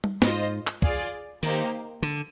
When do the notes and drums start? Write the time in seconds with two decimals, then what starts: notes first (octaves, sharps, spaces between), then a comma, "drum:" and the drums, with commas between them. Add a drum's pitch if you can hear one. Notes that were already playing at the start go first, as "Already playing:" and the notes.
0.04 drum: tom G3
0.22 G#2 F4 C5 D#5, drum: snare
0.67 drum: clap
0.82 F4 G#4 D5, drum: kick
1.43 D#3 A#3 D#4 G4 C5, drum: open hi-hat
2.02 D3